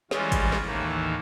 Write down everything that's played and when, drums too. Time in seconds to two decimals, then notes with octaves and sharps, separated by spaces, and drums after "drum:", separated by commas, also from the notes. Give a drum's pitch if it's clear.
0.11 E3 G3 G#3 C#4 F4, drum: snare
0.32 drum: kick, hi-hat
0.52 drum: snare
0.65 D#2 A2 D#3 E3 A#3